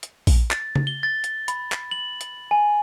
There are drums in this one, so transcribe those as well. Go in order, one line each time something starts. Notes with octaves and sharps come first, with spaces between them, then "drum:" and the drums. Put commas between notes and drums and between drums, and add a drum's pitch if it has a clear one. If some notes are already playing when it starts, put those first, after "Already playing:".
drum: hi-hat
drum: kick A#1, open hi-hat
A6, drum: clap
drum: tom C#3
G7
A6
drum: hi-hat
B5, drum: hi-hat
drum: clap
F#7
drum: hi-hat
G#5